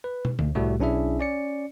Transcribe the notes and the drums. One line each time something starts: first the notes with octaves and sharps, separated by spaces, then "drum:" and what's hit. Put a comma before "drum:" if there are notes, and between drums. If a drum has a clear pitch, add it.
B4
drum: tom
D2, drum: tom D3
C2 A2 G3 A3 F#4 G4
B1 C#4 D4 E4 G#4 E5
C#4 D5 C#7